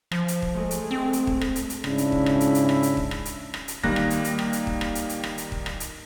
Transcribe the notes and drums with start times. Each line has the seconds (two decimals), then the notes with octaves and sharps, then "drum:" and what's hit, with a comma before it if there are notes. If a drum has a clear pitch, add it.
0.12 F3, drum: rim click
0.28 drum: hi-hat
0.42 drum: kick
0.53 G#3 A3
0.71 drum: hi-hat
0.91 C4
1.13 drum: hi-hat
1.27 drum: kick
1.41 drum: rim click
1.56 drum: hi-hat
1.70 drum: hi-hat
1.84 G#2 C#3 D4 E4, drum: rim click
1.98 drum: hi-hat
2.12 drum: kick
2.26 drum: rim click
2.40 drum: hi-hat
2.55 drum: hi-hat
2.69 drum: rim click
2.83 drum: hi-hat
2.97 drum: kick
3.11 drum: rim click
3.25 drum: hi-hat
3.54 drum: rim click
3.68 drum: hi-hat
3.83 D#3 G3 A#3 F#6 A#6, drum: kick
3.96 drum: rim click
4.10 drum: hi-hat
4.24 drum: hi-hat
4.39 drum: rim click
4.53 drum: hi-hat
4.67 drum: kick
4.81 drum: rim click
4.95 drum: hi-hat
5.09 drum: hi-hat
5.24 drum: rim click
5.38 drum: hi-hat
5.52 drum: kick
5.66 drum: rim click
5.80 drum: hi-hat